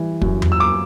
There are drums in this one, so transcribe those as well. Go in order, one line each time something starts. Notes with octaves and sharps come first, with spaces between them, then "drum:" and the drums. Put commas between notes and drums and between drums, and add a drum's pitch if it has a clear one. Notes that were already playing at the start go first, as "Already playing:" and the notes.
Already playing: E3 G3
F#2, drum: kick
drum: tom E2
E6
D6